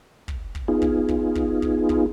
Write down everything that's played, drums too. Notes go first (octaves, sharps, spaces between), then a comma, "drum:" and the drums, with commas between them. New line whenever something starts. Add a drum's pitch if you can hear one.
drum: kick
drum: kick
B3 D#4 F4 G#4
drum: kick
drum: kick
drum: kick
drum: kick
drum: kick